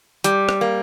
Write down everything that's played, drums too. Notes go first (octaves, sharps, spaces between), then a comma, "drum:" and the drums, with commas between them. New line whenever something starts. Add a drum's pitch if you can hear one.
G3, drum: hi-hat
drum: rim click
A#3